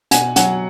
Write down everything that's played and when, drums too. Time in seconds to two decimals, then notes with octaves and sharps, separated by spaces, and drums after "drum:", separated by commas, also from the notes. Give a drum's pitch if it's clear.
0.11 B2 F#5 G#5, drum: hi-hat
0.36 F#3 F#5 G#5, drum: hi-hat